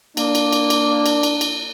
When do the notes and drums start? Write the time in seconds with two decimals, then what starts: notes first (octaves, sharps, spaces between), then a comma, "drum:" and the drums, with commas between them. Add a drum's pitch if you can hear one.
0.17 A#3 D4, drum: cymbal
0.35 drum: cymbal
0.53 drum: cymbal
0.70 drum: cymbal
1.06 drum: cymbal
1.23 drum: cymbal
1.41 drum: cymbal